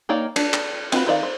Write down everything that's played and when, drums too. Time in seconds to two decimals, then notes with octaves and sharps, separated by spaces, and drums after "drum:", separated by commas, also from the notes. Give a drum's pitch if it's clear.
0.09 A#3 D#4 C#5 D5 G5
0.36 D4, drum: cymbal
0.54 drum: clap
0.92 C4 F4 F#4 B4, drum: cymbal
1.06 D#3 C5 D5 F5
1.23 C5